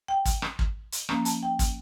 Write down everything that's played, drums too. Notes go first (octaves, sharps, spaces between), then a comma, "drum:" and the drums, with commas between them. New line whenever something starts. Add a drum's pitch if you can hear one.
G5
drum: kick, hi-hat
drum: rim click
drum: kick
drum: hi-hat
F3 A#3 C#4 A#5, drum: rim click
A5, drum: hi-hat
G5
drum: kick, hi-hat